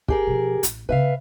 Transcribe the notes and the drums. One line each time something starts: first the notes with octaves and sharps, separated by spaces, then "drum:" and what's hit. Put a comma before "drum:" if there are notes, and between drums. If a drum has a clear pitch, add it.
G4 G#4 A#4, drum: kick
B2 F3
A1, drum: hi-hat
C#3 B3 B4 E5 F5